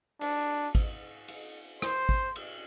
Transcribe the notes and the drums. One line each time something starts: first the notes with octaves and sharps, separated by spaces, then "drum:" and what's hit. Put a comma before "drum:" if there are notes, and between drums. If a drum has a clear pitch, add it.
D4, drum: cymbal
drum: kick G#1, cymbal
drum: cymbal
C5, drum: rim click
drum: kick G#1
drum: cymbal